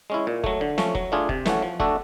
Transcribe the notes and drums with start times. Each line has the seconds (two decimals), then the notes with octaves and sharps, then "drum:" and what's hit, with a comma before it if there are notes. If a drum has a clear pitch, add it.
0.10 G#3 C#4 E4
0.27 A#2
0.44 F#3 A3, drum: kick F1
0.61 D3
0.78 F3 A3 C#4, drum: snare
0.95 F#3, drum: kick F1
1.12 A3 D4 F4 G#4
1.29 C3, drum: kick F1
1.46 E3 A3 C#4 F#4, drum: snare
1.62 F3
1.80 A3 D4 F#4 A4, drum: kick F1